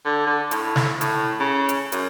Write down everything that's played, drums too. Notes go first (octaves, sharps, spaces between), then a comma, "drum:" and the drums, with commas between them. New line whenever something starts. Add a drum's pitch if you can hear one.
D3
D3
A2, drum: hi-hat
drum: snare
A2, drum: hi-hat
C#3
drum: hi-hat
F#2, drum: hi-hat